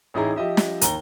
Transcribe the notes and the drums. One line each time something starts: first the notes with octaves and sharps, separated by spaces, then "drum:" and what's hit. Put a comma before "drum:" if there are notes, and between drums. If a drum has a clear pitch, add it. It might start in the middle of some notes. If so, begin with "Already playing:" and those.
A1 D#4 E4 G#4 A#5
F3 G4 D#5 E5
drum: snare
D#2 A#5 G7, drum: hi-hat